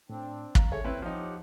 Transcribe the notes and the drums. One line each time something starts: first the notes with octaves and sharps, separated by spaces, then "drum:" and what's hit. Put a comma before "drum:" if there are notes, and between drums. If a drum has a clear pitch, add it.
A2 C4 D4
F5 A#5, drum: kick
G#2 G#4 A4 C#5 E5
C4 E4 B4 C#5 G5
F3 D#4 G4 F#5